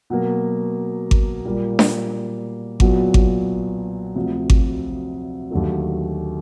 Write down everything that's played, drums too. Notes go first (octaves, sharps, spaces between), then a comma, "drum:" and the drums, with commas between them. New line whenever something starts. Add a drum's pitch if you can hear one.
B2 F#3 A#3
drum: kick G#1
A#2 G3 A#3
drum: snare D4
B1 A#2 F#3 B3, drum: kick G#1
drum: kick G#1
D2 C3 F3
drum: kick G#1
D#2 D3 F#3 A3